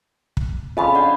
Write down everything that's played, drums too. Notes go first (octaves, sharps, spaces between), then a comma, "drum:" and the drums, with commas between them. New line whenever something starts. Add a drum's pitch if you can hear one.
drum: kick
F2 C#3 F4 D#5 B5
D4 D5 F#5